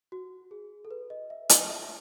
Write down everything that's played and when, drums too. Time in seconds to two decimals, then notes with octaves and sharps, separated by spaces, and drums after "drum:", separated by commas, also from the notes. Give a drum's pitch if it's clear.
0.12 F#4
0.51 G#4
0.85 A4
0.91 B4
1.10 D#5
1.30 E5
1.49 D#5, drum: hi-hat
1.69 E5